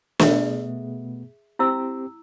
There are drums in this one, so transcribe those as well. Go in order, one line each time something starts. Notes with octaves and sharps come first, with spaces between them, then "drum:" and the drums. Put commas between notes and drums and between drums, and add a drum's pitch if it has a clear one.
B2 A3 B3 G#4 E5, drum: snare
C4 E4 G4 E6